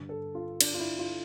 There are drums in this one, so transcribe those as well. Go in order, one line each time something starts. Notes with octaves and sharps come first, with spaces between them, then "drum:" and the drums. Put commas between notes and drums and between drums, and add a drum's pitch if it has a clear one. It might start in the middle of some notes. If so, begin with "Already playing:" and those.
Already playing: G2 D3
A4
F4
D4, drum: cymbal
F4
E4
F4